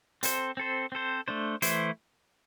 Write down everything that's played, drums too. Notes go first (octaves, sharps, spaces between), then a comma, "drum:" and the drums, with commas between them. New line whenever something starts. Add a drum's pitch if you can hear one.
C4 A4 C5, drum: hi-hat
C4 A4 C5
C4 A4 C5
A3 D4 C5
E3 A3 E4 C5, drum: hi-hat